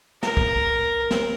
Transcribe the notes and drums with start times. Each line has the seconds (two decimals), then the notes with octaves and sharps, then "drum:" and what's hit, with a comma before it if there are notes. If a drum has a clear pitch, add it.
0.23 A#4, drum: snare
0.37 drum: kick
1.11 drum: snare